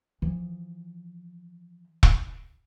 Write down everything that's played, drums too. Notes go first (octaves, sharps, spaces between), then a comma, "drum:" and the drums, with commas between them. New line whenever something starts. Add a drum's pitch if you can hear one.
E3 F3
drum: kick E1